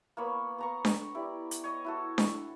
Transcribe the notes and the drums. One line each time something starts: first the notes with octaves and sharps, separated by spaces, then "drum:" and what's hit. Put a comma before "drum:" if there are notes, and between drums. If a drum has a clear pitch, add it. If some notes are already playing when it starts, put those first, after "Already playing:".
A#3 B3 C#5 B5
B3 A#5 C#6
drum: snare D4
E4 G4 D5
drum: hi-hat
C#5 D#5
E4 F#4 A4
drum: snare D4